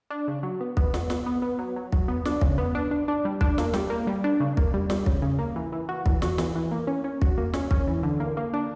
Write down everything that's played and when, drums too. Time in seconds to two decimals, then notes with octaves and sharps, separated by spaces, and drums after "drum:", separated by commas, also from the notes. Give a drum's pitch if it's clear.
0.10 D4
0.28 C#3
0.43 F#3
0.61 B3
0.77 B3, drum: kick
0.94 B3, drum: snare
1.10 B3, drum: snare
1.26 B3
1.42 B3
1.59 F#3
1.76 F#3
1.92 F#3, drum: kick
2.08 B3
2.25 D4, drum: snare
2.41 C#3, drum: kick
2.58 B3
2.75 D4
2.91 D4
3.08 D4
3.25 G3
3.41 D4, drum: kick
3.58 A#3, drum: snare
3.74 G3, drum: snare
3.90 A#3
4.07 G3
4.24 D4
4.40 C#3
4.57 A#3, drum: kick
4.74 G3
4.90 G3, drum: snare
5.06 C#3, drum: kick
5.22 C#3
5.39 A#3
5.56 E3
5.73 E3
5.89 F#4
6.06 E3, drum: kick
6.22 F#4, drum: snare
6.38 E3, drum: snare
6.55 E3
6.71 A#3
6.87 C#4
7.04 C#4
7.22 F#4, drum: kick
7.38 A#3
7.54 C#4, drum: snare
7.71 C#4, drum: kick
7.87 E3
8.03 D3
8.20 A#3
8.37 A#3
8.54 D4